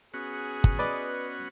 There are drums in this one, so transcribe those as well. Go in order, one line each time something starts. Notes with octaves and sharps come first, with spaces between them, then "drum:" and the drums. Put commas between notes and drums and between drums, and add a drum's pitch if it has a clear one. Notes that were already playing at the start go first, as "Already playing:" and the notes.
B3 C#4 F#4 G#4
drum: kick
B4 D5 D#5